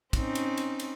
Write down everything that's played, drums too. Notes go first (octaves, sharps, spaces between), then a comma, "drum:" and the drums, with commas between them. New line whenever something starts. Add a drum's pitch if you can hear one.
C4 C#4 D#4, drum: kick, cymbal
drum: cymbal
drum: cymbal
drum: cymbal